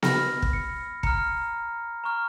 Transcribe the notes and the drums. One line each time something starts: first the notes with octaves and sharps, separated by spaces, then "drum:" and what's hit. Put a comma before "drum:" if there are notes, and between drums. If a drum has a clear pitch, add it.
B5 F6 A#6, drum: snare B3
drum: kick
C#7
A#5 F6 C#7, drum: kick
A#5 C#6 F6